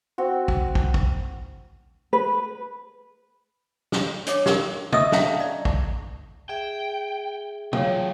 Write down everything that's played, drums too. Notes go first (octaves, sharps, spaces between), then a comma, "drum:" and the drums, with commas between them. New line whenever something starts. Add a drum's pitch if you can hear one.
C4 F#4
drum: kick
drum: kick
drum: kick
B4
drum: snare
D4 C#5 D6, drum: hi-hat
D#4 G4 A#4, drum: snare
D#5 E5 C#6 D#6 E6, drum: tom
C#4 D4 E5 F5 A5 A#5, drum: snare
D5
drum: kick
G#4 E5 G5
F#3 F4 F#4 C#5 F5 G5, drum: tom